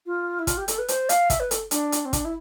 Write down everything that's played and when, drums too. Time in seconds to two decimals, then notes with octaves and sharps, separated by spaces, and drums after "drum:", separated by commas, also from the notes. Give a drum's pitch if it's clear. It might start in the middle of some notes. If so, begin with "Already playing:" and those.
0.06 F4
0.39 E4
0.47 F4, drum: kick, hi-hat
0.57 G4
0.68 A4, drum: hi-hat
0.78 B4
0.88 C5, drum: hi-hat
1.09 F5, drum: hi-hat
1.30 E5, drum: kick, hi-hat
1.40 B4
1.51 A4, drum: hi-hat
1.71 D4, drum: hi-hat
1.92 drum: hi-hat
2.05 C4
2.13 D4, drum: kick, hi-hat
2.25 E4